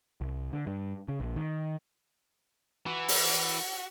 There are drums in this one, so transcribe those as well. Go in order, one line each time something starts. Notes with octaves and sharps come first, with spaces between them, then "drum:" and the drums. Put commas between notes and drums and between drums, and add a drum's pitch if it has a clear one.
C2
D3
G2
C#3
A#1
D#3
E3 F#4
drum: open hi-hat